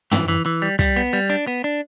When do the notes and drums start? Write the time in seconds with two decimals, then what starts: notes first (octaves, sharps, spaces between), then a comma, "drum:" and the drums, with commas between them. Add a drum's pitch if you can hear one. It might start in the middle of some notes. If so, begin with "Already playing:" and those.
0.12 E3, drum: tom
0.28 E3
0.46 E3
0.62 G3
0.79 G3, drum: kick, hi-hat
0.96 B3
1.13 G3
1.30 D4
1.47 B3
1.64 D4